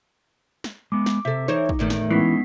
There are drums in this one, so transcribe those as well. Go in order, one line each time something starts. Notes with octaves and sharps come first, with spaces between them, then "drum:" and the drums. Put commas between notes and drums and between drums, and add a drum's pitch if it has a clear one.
drum: snare
G#3 B3 D6
drum: snare
C3 A4 E5
E3 D#4 C5 C#5
drum: kick
E2 A2 D#3
drum: snare
E3 G#3 B3 C#4 D#4 B6 C7